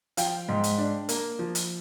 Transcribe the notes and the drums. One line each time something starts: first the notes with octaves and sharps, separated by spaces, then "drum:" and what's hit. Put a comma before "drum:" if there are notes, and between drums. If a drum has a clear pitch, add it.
F3 F5 G5, drum: hi-hat
G#2
drum: hi-hat
D4
A#3, drum: hi-hat
F3
drum: hi-hat